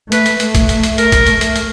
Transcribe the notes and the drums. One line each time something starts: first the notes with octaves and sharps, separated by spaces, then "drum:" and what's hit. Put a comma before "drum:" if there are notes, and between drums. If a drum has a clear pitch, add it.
A3 B4, drum: hi-hat
drum: hi-hat
A3, drum: hi-hat
drum: kick B1, hi-hat
drum: hi-hat
drum: hi-hat
A#4, drum: hi-hat
drum: kick B1, hi-hat
A3, drum: hi-hat
drum: hi-hat
drum: hi-hat